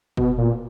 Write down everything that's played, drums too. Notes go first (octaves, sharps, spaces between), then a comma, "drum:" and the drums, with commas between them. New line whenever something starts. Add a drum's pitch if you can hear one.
B2, drum: kick
A#2